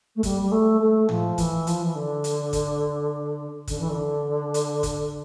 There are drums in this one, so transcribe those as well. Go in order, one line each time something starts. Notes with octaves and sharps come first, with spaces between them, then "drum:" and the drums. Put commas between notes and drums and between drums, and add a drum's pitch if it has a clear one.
A3
G3, drum: kick, hi-hat
G3
A3
A3
F3, drum: tom A2
E3, drum: kick, hi-hat
F3, drum: hi-hat
E3
D3
drum: hi-hat
drum: kick, hi-hat
D3, drum: kick, hi-hat
E3
D3
drum: hi-hat
drum: kick, hi-hat